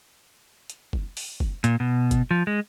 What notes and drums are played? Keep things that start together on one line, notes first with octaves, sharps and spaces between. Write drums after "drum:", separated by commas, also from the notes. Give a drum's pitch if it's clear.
drum: hi-hat
drum: kick
drum: open hi-hat
drum: kick
A#2, drum: hi-hat
B2
drum: kick, hi-hat
F3
G#3